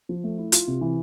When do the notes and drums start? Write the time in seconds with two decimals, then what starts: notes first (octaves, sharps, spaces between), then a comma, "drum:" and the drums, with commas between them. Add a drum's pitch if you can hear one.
0.09 F3
0.24 A3
0.38 E4
0.52 F4, drum: hi-hat
0.68 C3
0.81 E3